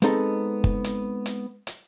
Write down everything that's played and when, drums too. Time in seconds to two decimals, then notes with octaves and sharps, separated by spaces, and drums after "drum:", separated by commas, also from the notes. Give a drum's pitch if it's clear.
0.02 G#3 B3 C4 D#4 A4 A#5, drum: hi-hat
0.64 drum: kick
0.84 drum: hi-hat
1.26 drum: hi-hat
1.67 drum: hi-hat